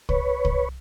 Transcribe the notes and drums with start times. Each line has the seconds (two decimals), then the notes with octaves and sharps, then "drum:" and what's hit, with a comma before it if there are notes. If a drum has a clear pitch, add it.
0.09 B4 C#5, drum: kick C2
0.45 drum: kick C2